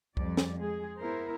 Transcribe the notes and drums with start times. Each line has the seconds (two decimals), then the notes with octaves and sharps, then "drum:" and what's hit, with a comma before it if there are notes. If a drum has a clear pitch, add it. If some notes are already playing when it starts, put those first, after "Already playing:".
0.17 F2 G3 D5, drum: kick C2
0.37 drum: snare
0.60 G#3 G#4
1.00 B3 E4 A#4 C5